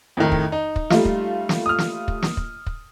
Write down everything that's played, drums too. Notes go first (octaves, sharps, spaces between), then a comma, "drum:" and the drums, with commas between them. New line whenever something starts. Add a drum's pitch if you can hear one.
F2 A2 D#3
drum: kick
D#4
drum: kick
G3 A3 F4, drum: snare
drum: kick
drum: snare
D#6 F6
drum: snare
drum: kick
drum: snare
drum: kick
drum: kick